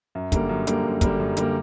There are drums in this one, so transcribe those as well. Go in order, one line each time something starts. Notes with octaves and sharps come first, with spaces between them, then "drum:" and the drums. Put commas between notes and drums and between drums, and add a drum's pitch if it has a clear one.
F#2
D3 G3 A#3, drum: kick, hi-hat
F#2
D3 G3 A#3, drum: hi-hat
F#2
D3 G3 A#3, drum: kick, hi-hat
F#2
D3 G3 A#3, drum: hi-hat